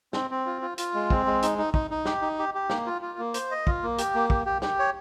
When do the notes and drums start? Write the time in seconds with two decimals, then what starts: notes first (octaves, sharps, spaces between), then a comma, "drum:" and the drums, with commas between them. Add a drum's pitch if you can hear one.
0.13 C4, drum: snare
0.30 C4
0.46 F4
0.62 F4
0.78 F4, drum: hi-hat
0.94 G#3
1.10 C4, drum: kick
1.26 G#3
1.42 D#4, drum: hi-hat
1.58 D#4
1.74 D#4, drum: kick
1.91 D#4
2.06 G4, drum: snare
2.22 D#4
2.39 G4
2.54 G4
2.70 A#3, drum: snare
2.86 F4
3.02 F4
3.18 A#3
3.34 C5, drum: hi-hat
3.51 D#5
3.67 F4, drum: kick
3.83 A#3
3.98 G4, drum: hi-hat
4.15 A#3
4.30 G4, drum: kick
4.46 G4
4.62 G4, drum: snare
4.79 C#5